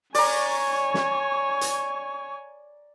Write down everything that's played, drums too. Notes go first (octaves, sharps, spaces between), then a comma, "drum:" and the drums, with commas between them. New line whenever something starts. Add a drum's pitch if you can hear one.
C#5 D5 G#5 A#5 C#6, drum: open hi-hat
drum: snare
drum: hi-hat